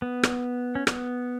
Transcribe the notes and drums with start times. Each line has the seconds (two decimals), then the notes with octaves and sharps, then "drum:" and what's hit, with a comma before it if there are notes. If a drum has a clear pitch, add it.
0.02 B3
0.23 drum: rim click
0.75 C#4
0.87 B3, drum: rim click